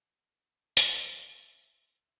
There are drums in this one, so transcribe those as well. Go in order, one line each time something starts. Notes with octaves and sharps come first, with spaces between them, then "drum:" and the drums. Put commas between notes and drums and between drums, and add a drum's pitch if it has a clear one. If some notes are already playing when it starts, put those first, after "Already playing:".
E5 A#5 C6 D6, drum: hi-hat